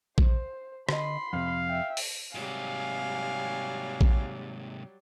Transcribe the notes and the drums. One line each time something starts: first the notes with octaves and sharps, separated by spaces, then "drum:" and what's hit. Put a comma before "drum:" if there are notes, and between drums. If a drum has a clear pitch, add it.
C5, drum: kick A#1
D3 D#5 B5 C6, drum: rim click
F2 C3 F5
E5 G5
drum: open hi-hat
G#2 C3 F#3 G3 F5 G#5
drum: kick A#1